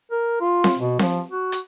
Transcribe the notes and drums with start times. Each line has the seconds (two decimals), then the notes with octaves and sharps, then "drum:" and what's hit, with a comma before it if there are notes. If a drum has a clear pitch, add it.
0.11 A#4
0.41 F4
0.64 drum: snare C4
0.78 B2
0.99 F3, drum: snare C4
1.31 F#4
1.52 drum: hi-hat